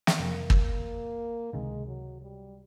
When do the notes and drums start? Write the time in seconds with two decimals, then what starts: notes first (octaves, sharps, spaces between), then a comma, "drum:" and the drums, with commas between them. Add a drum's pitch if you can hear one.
0.07 drum: snare
0.18 F2 C3 F3 A#3
0.50 drum: kick
1.53 C#2 C3 D#3 G#3
1.87 F#3
2.21 G3